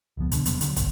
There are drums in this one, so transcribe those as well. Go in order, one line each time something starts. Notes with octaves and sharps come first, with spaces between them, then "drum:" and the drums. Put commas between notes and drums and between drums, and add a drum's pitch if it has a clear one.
D#1 C#2 F3 B3
B2 D3, drum: hi-hat
E1 C3 F#3 B3, drum: hi-hat
D3 F#3, drum: hi-hat
drum: kick, hi-hat